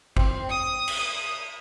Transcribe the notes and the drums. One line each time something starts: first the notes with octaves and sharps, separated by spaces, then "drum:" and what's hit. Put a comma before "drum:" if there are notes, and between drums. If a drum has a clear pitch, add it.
C4, drum: kick
D#6
drum: cymbal
D#6